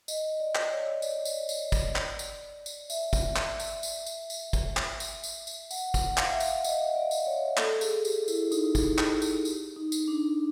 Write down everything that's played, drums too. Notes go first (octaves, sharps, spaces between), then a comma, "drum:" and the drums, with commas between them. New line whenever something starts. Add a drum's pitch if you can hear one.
D#5, drum: tambourine
D5
drum: clap
C#5
D5, drum: tambourine
drum: tambourine
drum: tambourine
drum: kick, tambourine
drum: clap
drum: tambourine
drum: tambourine
E5, drum: tambourine
drum: kick, tambourine
drum: clap
drum: tambourine
drum: tambourine
drum: tambourine
drum: tambourine
drum: kick, tambourine
drum: clap
drum: tambourine
drum: tambourine
drum: tambourine
F#5, drum: tambourine
F#5, drum: kick, tambourine
F5, drum: clap
E5
F5, drum: tambourine
D#5, drum: tambourine
D5
drum: tambourine
C#5
A4, drum: clap
G#4, drum: tambourine
G4, drum: tambourine
E4, drum: tambourine
D#4, drum: tambourine
drum: kick, tambourine
drum: clap
drum: tambourine
drum: tambourine
D#4
drum: tambourine
D4